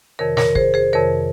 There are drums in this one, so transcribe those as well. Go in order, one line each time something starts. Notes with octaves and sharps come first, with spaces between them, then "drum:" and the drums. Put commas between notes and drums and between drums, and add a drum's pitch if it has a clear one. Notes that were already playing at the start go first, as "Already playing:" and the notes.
F2 C3 D#3 A#4 C#5
A#4 C#5, drum: snare
G#4 C5, drum: kick
G#4 C5
F2 C3 D#3 A#4 C#5